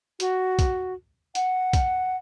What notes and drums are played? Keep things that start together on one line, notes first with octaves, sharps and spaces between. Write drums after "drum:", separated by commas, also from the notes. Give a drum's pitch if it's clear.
F#4, drum: hi-hat
drum: kick, hi-hat
F#5, drum: hi-hat
drum: kick, hi-hat